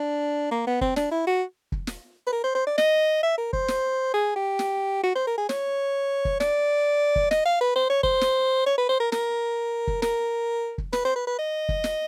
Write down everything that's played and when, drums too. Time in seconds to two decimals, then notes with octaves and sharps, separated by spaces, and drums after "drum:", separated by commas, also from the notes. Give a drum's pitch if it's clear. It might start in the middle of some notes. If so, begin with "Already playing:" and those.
Already playing: D4
0.51 A#3
0.67 B3
0.81 C4, drum: kick
0.96 D4, drum: snare
1.12 E4
1.27 F#4
1.72 drum: kick
1.87 drum: snare
2.27 B4
2.32 A#4
2.44 C5
2.55 C5
2.67 D5
2.78 D#5, drum: snare
3.23 E5
3.38 A#4
3.53 C5, drum: kick
3.68 drum: snare
4.14 G#4
4.36 G4
4.59 drum: snare
5.04 F#4
5.16 C5
5.27 A#4
5.38 G#4
5.49 C#5, drum: snare
6.25 drum: kick
6.40 D5, drum: snare
7.16 drum: kick
7.31 D#5, drum: snare
7.45 F5
7.61 B4
7.76 C5
7.90 C#5
8.03 C5, drum: kick
8.21 drum: snare
8.66 C#5
8.78 B4
8.89 C5
9.00 A#4
9.12 A#4, drum: snare
9.87 drum: kick
10.02 A#4, drum: snare
10.78 drum: kick
10.93 B4, drum: snare
11.05 C5
11.16 B4
11.27 B4
11.39 D#5
11.69 drum: kick
11.84 drum: snare